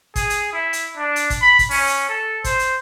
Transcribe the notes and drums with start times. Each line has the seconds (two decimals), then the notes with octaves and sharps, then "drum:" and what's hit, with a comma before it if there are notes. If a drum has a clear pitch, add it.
0.16 G#4, drum: kick, hi-hat
0.30 drum: hi-hat
0.53 E4
0.73 drum: hi-hat
0.97 D4
1.16 drum: hi-hat
1.30 drum: kick, hi-hat
1.41 B5
1.59 drum: kick, hi-hat
1.71 C#4, drum: open hi-hat
1.88 drum: hi-hat
2.09 A4
2.44 C5, drum: kick, hi-hat
2.59 drum: hi-hat